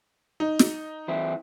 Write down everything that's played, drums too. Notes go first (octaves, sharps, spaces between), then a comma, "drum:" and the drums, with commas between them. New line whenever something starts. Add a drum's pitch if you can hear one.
D#4
drum: snare
E3 C4 E4